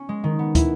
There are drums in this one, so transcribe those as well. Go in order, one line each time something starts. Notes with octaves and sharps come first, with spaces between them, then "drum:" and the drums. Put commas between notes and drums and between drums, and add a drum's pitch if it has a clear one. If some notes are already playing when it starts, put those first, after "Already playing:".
Already playing: C#4
G#3
D#3
B3
E4, drum: kick, hi-hat